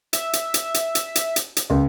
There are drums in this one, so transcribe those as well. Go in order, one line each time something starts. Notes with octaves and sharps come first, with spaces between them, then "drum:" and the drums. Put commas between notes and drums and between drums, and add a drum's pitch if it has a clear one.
E5, drum: hi-hat
drum: hi-hat
drum: hi-hat
drum: hi-hat
drum: hi-hat
drum: hi-hat
drum: hi-hat
drum: hi-hat
C#2